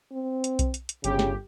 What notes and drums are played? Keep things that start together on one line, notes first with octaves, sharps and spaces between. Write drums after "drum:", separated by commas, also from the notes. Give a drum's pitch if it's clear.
C4
drum: hi-hat
drum: kick B1, hi-hat
drum: hi-hat
drum: hi-hat
G1 C#3 G4, drum: hi-hat
drum: snare